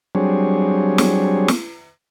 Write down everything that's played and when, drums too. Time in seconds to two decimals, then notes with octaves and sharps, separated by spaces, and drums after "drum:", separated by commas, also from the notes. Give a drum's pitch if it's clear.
0.15 F#3 G3 C4 D4 G#4 C#5
0.98 drum: snare
1.48 drum: snare